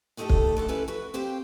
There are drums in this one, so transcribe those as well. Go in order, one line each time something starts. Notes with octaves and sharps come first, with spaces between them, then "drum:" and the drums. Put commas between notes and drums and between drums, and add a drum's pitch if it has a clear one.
A2 A3 D#4 E4 G4 A4
drum: kick
D2 G#2 A4
C#4 E4 A4 B4 D5
F#4 B4
C4 G4 C5 F5 G5